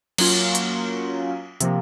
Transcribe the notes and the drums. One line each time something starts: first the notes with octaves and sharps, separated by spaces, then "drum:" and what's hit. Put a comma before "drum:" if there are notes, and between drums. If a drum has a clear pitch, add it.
F#3 A#3 C#4 F4, drum: cymbal
drum: hi-hat
C3 F3 A#3, drum: hi-hat